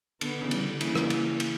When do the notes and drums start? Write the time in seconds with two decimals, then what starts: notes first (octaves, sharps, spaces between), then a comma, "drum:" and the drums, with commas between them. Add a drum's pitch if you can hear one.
0.21 D3 B3, drum: cymbal
0.41 C#3 E3
0.51 G3, drum: cymbal
0.61 D3
0.81 C#3 E3 A#3, drum: cymbal
0.95 drum: rim click
1.10 drum: cymbal
1.40 drum: cymbal